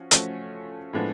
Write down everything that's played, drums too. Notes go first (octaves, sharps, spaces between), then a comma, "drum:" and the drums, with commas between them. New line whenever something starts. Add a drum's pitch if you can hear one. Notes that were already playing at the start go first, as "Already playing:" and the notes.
Already playing: F3 C#4 F#4
F3 A3 C#4 F#4, drum: hi-hat
A2 F3 G#3 B3 D4